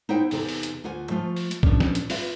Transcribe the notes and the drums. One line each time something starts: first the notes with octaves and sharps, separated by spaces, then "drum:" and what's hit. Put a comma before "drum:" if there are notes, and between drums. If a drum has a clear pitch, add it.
D#4 E4 C5 F#5 G5
E2 C3 D#4 A4 C5 G#5, drum: open hi-hat
drum: open hi-hat
drum: hi-hat
D2 F4 F#5 G#5
F3 A3 F4
drum: open hi-hat
drum: hi-hat
A#2 F3 C#4 D4, drum: kick A#1
drum: snare
drum: hi-hat
F4 B4 E5 F5, drum: open hi-hat